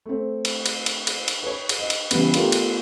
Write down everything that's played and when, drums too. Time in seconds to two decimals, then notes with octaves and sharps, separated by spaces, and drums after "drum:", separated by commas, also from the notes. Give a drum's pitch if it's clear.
0.06 A3 C4
0.45 drum: cymbal
0.66 drum: cymbal
0.86 drum: cymbal
1.07 drum: cymbal
1.28 drum: cymbal
1.43 B4 C#5
1.69 drum: cymbal
1.79 D#5
1.90 drum: cymbal
2.11 C#3 E3 G3 B3, drum: cymbal
2.34 A3 B3 D4 F4 G4 A#4, drum: cymbal
2.52 drum: cymbal